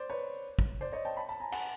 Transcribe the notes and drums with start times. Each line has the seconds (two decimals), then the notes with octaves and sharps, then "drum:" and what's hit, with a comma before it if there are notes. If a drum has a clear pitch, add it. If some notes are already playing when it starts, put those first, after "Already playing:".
Already playing: C5 D5
0.10 B4 C#5
0.59 drum: kick
0.81 C5 D5
0.92 C#5 D#5
1.05 G5 A5
1.17 A5 B5
1.29 A5 B5
1.40 G#5 A#5
1.52 F#5 G#5, drum: cymbal